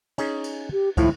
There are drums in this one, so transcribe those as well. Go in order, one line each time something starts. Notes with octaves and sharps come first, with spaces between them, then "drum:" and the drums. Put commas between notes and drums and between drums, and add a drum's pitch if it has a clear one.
C#4 D#4 G#4, drum: cymbal
drum: cymbal
G4
D#2 A2 F3 E4, drum: kick, cymbal